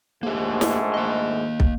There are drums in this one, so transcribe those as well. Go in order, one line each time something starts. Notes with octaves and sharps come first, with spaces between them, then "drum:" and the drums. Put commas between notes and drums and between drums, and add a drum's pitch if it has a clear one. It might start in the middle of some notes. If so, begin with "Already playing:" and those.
A#1 G#2 A3 A#3 G4
drum: snare
A#3 D#5
drum: kick